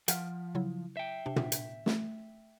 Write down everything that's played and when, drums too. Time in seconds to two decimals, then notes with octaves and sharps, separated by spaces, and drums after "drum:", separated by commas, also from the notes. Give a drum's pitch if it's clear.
0.08 F3 F5 F#5 F6, drum: hi-hat
0.55 C#3 F#3 E4
0.97 E5 G5
1.26 C3 D4
1.36 drum: tom
1.52 drum: hi-hat
1.86 A3, drum: snare